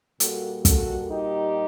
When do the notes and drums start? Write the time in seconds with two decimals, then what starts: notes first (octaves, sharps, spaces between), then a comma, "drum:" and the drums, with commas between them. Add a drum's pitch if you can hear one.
0.20 A#2 G3 A#3 F#4 A4, drum: hi-hat
0.65 F#4 A4, drum: kick, hi-hat
1.08 D#4 G4